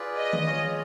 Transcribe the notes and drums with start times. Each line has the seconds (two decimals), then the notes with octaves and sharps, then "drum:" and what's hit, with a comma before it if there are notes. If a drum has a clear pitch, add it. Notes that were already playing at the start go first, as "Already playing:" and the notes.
Already playing: F4 G#4 B4 D5
0.16 D#5
0.33 drum: tom D#3
0.46 F4 G#4 C#5